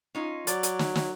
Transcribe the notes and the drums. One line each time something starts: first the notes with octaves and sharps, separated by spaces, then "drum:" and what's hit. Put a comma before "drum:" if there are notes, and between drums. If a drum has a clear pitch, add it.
C#4 D#4 F4
F#3 D5, drum: hi-hat
drum: hi-hat
drum: snare
drum: snare